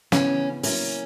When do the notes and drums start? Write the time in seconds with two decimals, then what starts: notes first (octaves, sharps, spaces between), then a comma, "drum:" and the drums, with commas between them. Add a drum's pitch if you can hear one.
0.12 C#3 E3 B3 C#4, drum: snare
0.63 F#3 A#3 C#4 E4, drum: open hi-hat